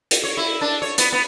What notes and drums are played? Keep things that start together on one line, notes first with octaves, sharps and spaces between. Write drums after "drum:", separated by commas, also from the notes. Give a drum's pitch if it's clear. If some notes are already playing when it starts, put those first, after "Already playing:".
drum: hi-hat
C#5
E4
D4
C#5
B3, drum: hi-hat
B3